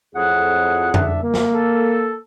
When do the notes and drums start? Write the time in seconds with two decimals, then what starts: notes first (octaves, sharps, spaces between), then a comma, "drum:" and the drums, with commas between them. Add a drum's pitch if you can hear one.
0.15 F2 A2 G#4 F#5
0.94 F#1 D4 E5, drum: tom F2
1.23 A#3
1.34 drum: snare
1.54 A4